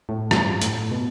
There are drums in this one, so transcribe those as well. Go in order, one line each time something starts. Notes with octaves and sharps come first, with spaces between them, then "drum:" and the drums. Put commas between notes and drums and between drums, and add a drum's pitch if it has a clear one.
A2
G2, drum: rim click
A2, drum: hi-hat
B2